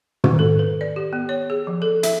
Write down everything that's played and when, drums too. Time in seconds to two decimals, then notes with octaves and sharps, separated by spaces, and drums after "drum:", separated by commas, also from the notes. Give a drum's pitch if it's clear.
0.24 D#3, drum: tom
0.39 A4
0.59 B4
0.81 D5
0.96 G4
1.13 B3
1.29 C#5
1.50 G#4
1.67 F3
1.82 A4
2.03 E5, drum: hi-hat